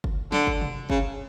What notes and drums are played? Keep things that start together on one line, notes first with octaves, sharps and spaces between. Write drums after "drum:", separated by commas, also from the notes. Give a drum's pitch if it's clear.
drum: kick F#1
D3, drum: snare
drum: kick F#1
drum: tom B2
C#3, drum: kick F#1